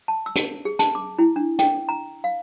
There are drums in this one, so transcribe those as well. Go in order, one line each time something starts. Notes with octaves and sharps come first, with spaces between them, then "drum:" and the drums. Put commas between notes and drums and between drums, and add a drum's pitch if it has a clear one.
A5
E6
drum: hi-hat
G#4
A5, drum: hi-hat
D6
E4
D4
G5, drum: hi-hat
A#5
F5